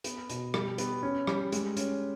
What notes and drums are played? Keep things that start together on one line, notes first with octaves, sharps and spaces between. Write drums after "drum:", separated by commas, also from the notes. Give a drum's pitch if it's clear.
B3, drum: hi-hat
B2, drum: hi-hat
G3, drum: rim click
B3, drum: hi-hat
C#4
G3, drum: rim click
G#3, drum: hi-hat
C#4, drum: hi-hat